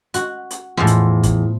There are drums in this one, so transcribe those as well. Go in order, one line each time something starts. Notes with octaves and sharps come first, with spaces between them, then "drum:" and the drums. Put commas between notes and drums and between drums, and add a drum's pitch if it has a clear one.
F#4, drum: hi-hat
drum: hi-hat
E2 A2 F3 C5
drum: hi-hat
drum: kick G#1, hi-hat